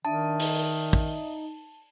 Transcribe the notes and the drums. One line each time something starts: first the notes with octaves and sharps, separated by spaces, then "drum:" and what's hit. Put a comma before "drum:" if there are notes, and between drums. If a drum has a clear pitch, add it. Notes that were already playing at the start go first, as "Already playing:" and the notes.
D#3 D4 D5 E5 A5 D#6
D#4, drum: open hi-hat
drum: kick